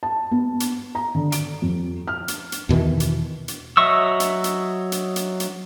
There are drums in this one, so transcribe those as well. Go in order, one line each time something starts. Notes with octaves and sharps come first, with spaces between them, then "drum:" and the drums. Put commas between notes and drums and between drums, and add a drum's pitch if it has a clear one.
A5
B3
drum: hi-hat
A#5
D3
D7, drum: hi-hat
F2
F6
drum: hi-hat
drum: hi-hat
E2 B2 D#3 E3
drum: hi-hat
drum: hi-hat
F#3 D#5 E5 C#6 E6
drum: hi-hat
drum: hi-hat
drum: hi-hat
drum: hi-hat
drum: hi-hat